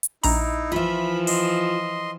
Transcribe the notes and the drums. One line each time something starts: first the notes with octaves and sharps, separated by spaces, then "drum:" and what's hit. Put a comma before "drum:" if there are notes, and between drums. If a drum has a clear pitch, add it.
drum: hi-hat
A#1 D#4 E4 A#5, drum: open hi-hat
E3 F3 F4 E5 B5
D#5 C6, drum: open hi-hat